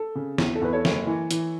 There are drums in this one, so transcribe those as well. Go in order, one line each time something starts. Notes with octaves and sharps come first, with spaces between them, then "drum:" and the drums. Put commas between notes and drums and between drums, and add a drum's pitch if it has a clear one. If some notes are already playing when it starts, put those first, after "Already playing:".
Already playing: A4
C#3
E2, drum: snare
A4
E2 B4
A4 C#5
F#1, drum: snare
E3
E3, drum: hi-hat